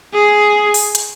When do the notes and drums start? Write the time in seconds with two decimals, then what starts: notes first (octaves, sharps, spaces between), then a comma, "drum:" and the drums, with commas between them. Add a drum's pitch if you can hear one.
0.14 G#4
0.74 drum: open hi-hat
0.95 drum: hi-hat